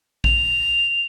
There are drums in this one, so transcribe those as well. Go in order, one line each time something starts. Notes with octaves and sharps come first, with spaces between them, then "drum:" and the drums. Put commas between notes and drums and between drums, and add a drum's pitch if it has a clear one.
F7, drum: kick A#1